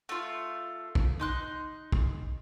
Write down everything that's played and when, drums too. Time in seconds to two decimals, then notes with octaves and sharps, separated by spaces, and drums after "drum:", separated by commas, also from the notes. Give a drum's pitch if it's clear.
0.09 A3 F4
0.95 drum: kick
1.20 D#4 C6 F#6
1.92 drum: kick